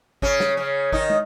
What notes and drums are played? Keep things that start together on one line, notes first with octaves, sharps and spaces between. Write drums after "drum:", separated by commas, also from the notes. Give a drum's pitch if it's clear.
C#3 C#4, drum: kick G#1
drum: snare
C#3 C#4
D#3 D#4, drum: kick G#1
drum: tom